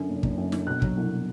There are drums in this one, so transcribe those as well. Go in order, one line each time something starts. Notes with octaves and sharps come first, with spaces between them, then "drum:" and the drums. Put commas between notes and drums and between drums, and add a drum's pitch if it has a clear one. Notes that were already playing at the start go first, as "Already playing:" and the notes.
Already playing: F#2 D3
F#1
F#1, drum: kick
F#2
D3, drum: snare
B2 F#6
F#3, drum: kick
C2